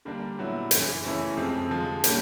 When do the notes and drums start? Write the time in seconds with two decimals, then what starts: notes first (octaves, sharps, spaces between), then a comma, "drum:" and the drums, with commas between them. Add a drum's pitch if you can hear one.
0.05 D3 G3 A#3 D4
0.38 A#2 F#3 B3 E4
0.71 F#2 C#3 E3, drum: hi-hat
1.04 C#3 E3 A3 C#4 E4
1.37 F2 C3 F3 G#3 C4
1.71 D3 F3 G#3
2.04 A#2 G3 A#3 C#4, drum: hi-hat